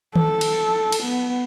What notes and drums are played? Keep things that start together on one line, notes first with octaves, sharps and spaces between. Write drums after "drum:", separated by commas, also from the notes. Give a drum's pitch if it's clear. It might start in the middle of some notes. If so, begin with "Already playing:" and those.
A4, drum: tom D#3
drum: cymbal
drum: cymbal
B3